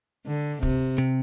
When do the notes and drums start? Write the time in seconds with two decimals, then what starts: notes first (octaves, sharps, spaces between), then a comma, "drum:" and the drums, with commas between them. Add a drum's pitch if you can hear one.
0.27 D3
0.63 C3, drum: kick
0.98 C3